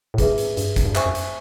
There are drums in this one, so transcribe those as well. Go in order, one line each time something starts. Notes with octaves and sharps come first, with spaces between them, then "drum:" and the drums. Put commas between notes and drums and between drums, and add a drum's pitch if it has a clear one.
A2
G#2 G#4 B4 E5, drum: kick, hi-hat
drum: hi-hat
G2, drum: hi-hat
drum: kick, hi-hat
G2
F#2 C5 E5 G#5 C#6, drum: clap
F#2
drum: hi-hat